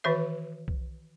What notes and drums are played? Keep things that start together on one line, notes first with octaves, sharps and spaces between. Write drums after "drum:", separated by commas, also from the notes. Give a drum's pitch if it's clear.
D#3 E3 F#4 B4 E5
drum: kick B1